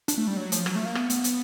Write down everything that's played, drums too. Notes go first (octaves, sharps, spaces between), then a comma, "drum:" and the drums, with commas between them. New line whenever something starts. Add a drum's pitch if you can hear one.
D4, drum: hi-hat
A3
G3
F#3
F3, drum: hi-hat
F#3, drum: rim click
A3
A#3
B3, drum: rim click
B3, drum: hi-hat
drum: hi-hat